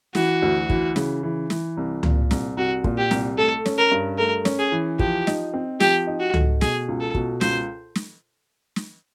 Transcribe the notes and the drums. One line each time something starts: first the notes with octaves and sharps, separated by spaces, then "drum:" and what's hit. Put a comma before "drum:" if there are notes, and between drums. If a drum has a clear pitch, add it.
E3 F#4, drum: snare
D2
E3, drum: kick
C#3, drum: snare
E3
E3, drum: snare
C2
A#2, drum: tom C#2
C2, drum: snare
C2 F#4
A#2, drum: kick
G4
C2, drum: snare
A3 A4
C#4, drum: snare
A#4
G2
A3 A#4
C#4, drum: snare
G#4
E3
F3 G4, drum: kick
D#4, drum: snare
C4
F3 G4, drum: snare
D#4
F#4
A3, drum: tom C#2
B2 G#4, drum: snare
C#2
A4
B2, drum: kick
C#2 C5, drum: snare
drum: snare
drum: snare